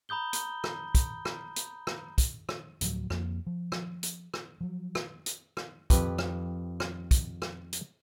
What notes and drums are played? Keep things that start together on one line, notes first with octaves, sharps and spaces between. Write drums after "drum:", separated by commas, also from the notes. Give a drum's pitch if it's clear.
A#5 B5 D#6 G6 G7
drum: hi-hat
drum: rim click
drum: kick, hi-hat
drum: rim click
drum: hi-hat
drum: rim click
drum: kick, hi-hat
drum: rim click
D2 A2 F3 F#3, drum: hi-hat
F2 F3 A#3, drum: rim click
F3
drum: rim click
drum: hi-hat
drum: rim click
F3 F#3
drum: rim click
drum: hi-hat
drum: rim click
F2 G4 B4, drum: kick, hi-hat
drum: rim click
drum: rim click
drum: kick, hi-hat
drum: rim click
drum: hi-hat